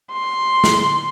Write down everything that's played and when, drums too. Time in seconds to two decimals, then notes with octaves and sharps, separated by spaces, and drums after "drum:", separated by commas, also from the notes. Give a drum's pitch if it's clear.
0.13 C6
0.64 drum: snare